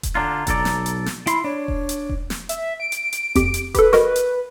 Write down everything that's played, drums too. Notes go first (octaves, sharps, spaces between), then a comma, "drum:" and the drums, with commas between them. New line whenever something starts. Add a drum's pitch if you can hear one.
drum: kick E1, hi-hat
D3 D4 F4 A#5
B1 A4 D5, drum: kick E1, hi-hat
drum: snare
drum: hi-hat
drum: snare
E4 B5 C6, drum: hi-hat
D4 C#5
drum: kick E1
drum: hi-hat
drum: kick E1
drum: snare
E5, drum: hi-hat
D7
drum: hi-hat
drum: hi-hat
F2 G4, drum: kick E1, hi-hat
drum: hi-hat
G4 A4 B4, drum: kick E1, hi-hat
F#4 A#4 D#5, drum: snare
drum: hi-hat